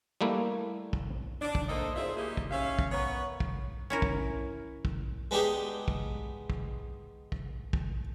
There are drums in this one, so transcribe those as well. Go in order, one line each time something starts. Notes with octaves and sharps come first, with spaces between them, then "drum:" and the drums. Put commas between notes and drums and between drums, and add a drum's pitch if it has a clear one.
G3 A3 A#3 E4
drum: kick
D4
drum: kick
A3 A#3 D#4 A4 C5 D#5
F#3 C4 F4 G#4 E5
A#3 D#4 E4 G4 G#4
drum: kick
C#4 E5 F5
drum: kick
B3 A#4 B4 C#5
drum: kick
C#4 E4 A#4
drum: kick
drum: kick
G#3 B3 D4 D#4 G4 G#4
drum: kick
drum: kick
drum: kick
drum: kick